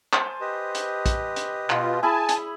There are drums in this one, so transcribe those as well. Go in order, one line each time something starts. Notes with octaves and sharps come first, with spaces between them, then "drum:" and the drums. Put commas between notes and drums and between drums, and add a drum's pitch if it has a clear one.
C5 G#5 A5, drum: clap
G4 B4 D#5
drum: hi-hat
drum: kick, hi-hat
drum: hi-hat
B2 F4, drum: clap
E4 G#4 G#5 A5 B5
drum: hi-hat